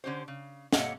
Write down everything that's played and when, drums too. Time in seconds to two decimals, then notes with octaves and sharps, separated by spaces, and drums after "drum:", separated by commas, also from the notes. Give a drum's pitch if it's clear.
0.04 D3 C#4 G4 C5
0.28 C#3
0.73 A#3 G4 A4 C#5 D#5 F#5, drum: snare